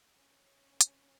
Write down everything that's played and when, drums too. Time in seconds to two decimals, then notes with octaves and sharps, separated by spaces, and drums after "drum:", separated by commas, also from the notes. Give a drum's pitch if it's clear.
0.15 C#4
0.81 drum: hi-hat